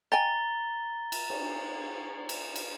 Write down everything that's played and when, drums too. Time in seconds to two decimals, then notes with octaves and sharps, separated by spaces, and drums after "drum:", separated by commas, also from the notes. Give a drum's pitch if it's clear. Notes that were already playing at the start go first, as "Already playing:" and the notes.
0.12 D#5 G5 G#5 A#5 A6 G7
1.12 drum: cymbal
1.30 drum: cymbal
2.29 drum: cymbal
2.56 drum: cymbal